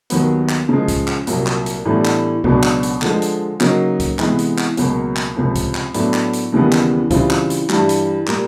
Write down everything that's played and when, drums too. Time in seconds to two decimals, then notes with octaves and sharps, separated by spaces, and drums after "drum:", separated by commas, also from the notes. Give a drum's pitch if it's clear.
0.10 D#2 D#3 F#3 B3, drum: hi-hat
0.49 drum: clap
0.69 C#3 F3 G#3
0.88 drum: kick C#2, hi-hat
1.08 drum: clap
1.27 C2 A#2 F#3, drum: hi-hat
1.47 drum: clap
1.66 drum: hi-hat
1.85 A2 E3 G3 B3 D4
2.05 drum: clap
2.44 C#2 B2 F#3 B3 D4, drum: kick C#2
2.63 drum: clap
2.83 drum: hi-hat
3.02 D3 F3 G#3, drum: clap
3.22 drum: hi-hat
3.60 C#3 F#3 A#3 D#4, drum: clap
4.00 drum: kick C#2, hi-hat
4.19 C3 E3 G#3 B3, drum: clap
4.39 drum: hi-hat
4.58 drum: clap
4.77 C#2 B2 F#3 A#3, drum: hi-hat
5.16 drum: clap
5.36 C#2 C3 F3
5.55 drum: kick C#2, hi-hat
5.75 drum: clap
5.94 A2 F#3 B3 D4, drum: hi-hat
6.14 drum: clap
6.33 drum: hi-hat
6.53 D#2 C#3 E3 G3 B3
6.72 drum: clap
7.10 C#3 E3 G3 C4 F4, drum: kick C#2, hi-hat
7.31 drum: clap
7.50 drum: hi-hat
7.69 G2 E3 G3, drum: clap
7.89 drum: hi-hat
8.27 A#2 G3 A#3, drum: clap